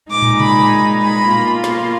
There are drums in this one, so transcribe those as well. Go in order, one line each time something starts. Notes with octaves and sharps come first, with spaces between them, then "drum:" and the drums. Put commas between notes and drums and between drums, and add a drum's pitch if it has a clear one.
A#2 G#3 D#4 D6
drum: tom
B5, drum: tom B2
B5
B2 A#3 F4
drum: snare